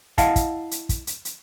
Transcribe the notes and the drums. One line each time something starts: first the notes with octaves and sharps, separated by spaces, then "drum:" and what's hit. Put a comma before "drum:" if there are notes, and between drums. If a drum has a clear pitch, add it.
E4 D#5 F5 F#5 A5, drum: kick, hi-hat
drum: kick, hi-hat
drum: hi-hat
drum: kick, hi-hat
drum: hi-hat
drum: hi-hat